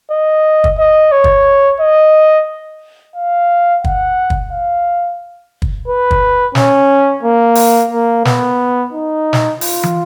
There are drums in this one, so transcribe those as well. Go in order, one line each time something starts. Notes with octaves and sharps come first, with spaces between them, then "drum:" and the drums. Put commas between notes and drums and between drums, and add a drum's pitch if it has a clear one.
D#5
drum: kick
D#5
C#5
drum: kick
D#5
F5
F#5, drum: kick
drum: kick
F5
drum: kick
B4
drum: kick
C#4, drum: snare
A#3
drum: open hi-hat
A#3
B3, drum: snare
D#4
drum: snare
F4, drum: open hi-hat
drum: tom